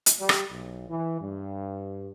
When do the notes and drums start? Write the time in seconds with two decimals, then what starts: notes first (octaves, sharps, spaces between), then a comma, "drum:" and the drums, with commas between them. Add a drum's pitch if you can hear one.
0.06 drum: hi-hat
0.19 G3
0.29 drum: rim click
0.52 B1
0.89 E3
1.21 G2